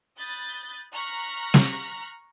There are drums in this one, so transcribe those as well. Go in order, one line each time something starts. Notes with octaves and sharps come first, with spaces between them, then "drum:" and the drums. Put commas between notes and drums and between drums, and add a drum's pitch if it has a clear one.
B5 D#6 F#6 G6 A6
A#5 C#6 F6 F#6 A#6 B6
drum: snare